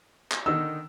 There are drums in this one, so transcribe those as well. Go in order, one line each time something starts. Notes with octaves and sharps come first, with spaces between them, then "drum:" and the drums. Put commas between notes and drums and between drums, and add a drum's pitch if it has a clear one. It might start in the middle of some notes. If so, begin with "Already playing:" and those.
drum: clap
D3 D#3 D#4 E6